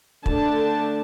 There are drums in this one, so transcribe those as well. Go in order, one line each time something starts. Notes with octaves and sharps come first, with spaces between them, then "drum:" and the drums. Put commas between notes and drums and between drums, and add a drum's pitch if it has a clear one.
D3 A3 D4 A5, drum: kick